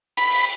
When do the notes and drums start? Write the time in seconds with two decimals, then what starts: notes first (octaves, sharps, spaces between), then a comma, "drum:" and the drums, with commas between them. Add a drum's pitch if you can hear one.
0.17 B5, drum: hi-hat
0.30 drum: open hi-hat